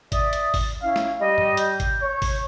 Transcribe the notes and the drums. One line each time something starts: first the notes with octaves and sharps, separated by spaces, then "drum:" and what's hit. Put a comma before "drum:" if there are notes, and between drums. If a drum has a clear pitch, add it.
D5 E5 D#6, drum: kick G#1, hi-hat
drum: hi-hat
drum: kick G#1, open hi-hat
C#4 E4 F5
drum: snare
G3 D#5
drum: tom G2
G6, drum: hi-hat
drum: kick G#1, hi-hat
C#5
drum: kick G#1, open hi-hat